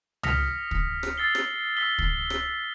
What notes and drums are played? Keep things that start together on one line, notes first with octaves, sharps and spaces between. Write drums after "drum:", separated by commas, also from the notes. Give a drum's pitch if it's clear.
D#6 F6 A#6 B6 C#7 F7, drum: tom
drum: kick
drum: rim click
E6 A6 C7 G7
drum: rim click
E6 B6 G7
drum: kick
drum: rim click